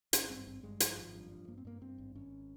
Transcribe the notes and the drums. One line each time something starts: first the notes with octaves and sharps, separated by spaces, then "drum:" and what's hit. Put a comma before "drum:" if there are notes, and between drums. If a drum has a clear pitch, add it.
G#1 C#4, drum: hi-hat
G2 C4
G#1 C4
G2 G#3
G#1 F3, drum: hi-hat
G#1
G2
G2
G2 A#3
C4
G2 A#3
G2 C4
G#1
G#1 C#4